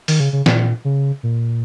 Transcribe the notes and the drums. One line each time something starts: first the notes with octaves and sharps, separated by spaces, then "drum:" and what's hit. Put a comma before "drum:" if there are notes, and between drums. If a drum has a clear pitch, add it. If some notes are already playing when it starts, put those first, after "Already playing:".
D#3, drum: open hi-hat
C#3
C#3
A#2, drum: snare
C#3
A#2